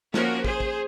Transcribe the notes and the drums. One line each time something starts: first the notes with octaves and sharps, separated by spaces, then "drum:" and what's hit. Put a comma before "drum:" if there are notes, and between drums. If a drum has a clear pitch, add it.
F3 A#3 C#4 F#4 A#4, drum: snare
G#4 C5, drum: kick
drum: kick